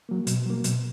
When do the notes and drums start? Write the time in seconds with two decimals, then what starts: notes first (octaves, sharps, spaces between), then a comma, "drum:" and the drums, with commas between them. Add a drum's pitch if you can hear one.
0.09 F#3 A#3
0.27 B2, drum: hi-hat
0.46 F#3 A#3
0.64 B2, drum: hi-hat